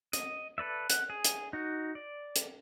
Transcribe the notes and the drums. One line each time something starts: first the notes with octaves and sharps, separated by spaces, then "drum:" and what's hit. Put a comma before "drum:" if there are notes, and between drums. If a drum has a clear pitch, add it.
D#5, drum: hi-hat
A4 B4 D5 E5
F#5, drum: hi-hat
G#4
drum: hi-hat
D#4 F#4
D5
drum: hi-hat